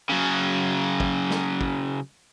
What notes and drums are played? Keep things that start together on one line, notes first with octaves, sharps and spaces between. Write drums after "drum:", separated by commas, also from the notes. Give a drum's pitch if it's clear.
C#3 F#3
drum: kick
drum: snare
drum: kick